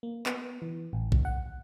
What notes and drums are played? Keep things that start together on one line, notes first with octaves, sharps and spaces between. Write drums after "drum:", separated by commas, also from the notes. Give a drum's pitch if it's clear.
A#3
B3, drum: clap
E3
A1
drum: kick A#1
F#5